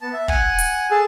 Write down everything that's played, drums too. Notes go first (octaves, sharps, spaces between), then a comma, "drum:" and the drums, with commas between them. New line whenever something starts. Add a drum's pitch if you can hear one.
B3 A5
E5
F#5 G#5, drum: kick
drum: hi-hat
G#4 A4 A5